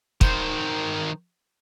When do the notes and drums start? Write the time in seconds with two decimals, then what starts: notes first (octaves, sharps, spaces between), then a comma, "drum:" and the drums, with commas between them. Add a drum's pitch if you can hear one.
0.21 D#3 C5, drum: kick